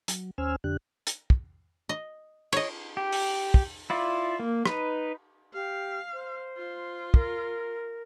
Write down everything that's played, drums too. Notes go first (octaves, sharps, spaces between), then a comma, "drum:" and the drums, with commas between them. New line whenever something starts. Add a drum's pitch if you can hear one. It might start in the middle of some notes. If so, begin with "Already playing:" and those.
F#3, drum: hi-hat
D#2 C#4 C5 G#5 E6 F6
F2 D3 D4 G4 F#6
drum: hi-hat
drum: kick
D#5
C#5 D#5, drum: cymbal
G4
drum: open hi-hat
drum: kick
E4 F4 D5
A#3
D#4 B4, drum: rim click
G4 F5
C5
F4
A#4, drum: kick